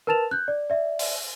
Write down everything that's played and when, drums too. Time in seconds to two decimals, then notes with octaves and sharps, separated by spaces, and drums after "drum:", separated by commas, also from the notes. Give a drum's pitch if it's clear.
0.07 A#4 B4 A5 A6 E7 F7
0.31 F#6 G6
0.48 D5
0.70 D5 E5
0.99 drum: open hi-hat